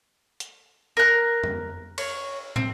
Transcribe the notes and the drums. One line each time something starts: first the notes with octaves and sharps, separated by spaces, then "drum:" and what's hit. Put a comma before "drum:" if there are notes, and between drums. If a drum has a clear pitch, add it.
drum: hi-hat
A#4 F#6
drum: tom F2
C#5, drum: cymbal
C4, drum: tom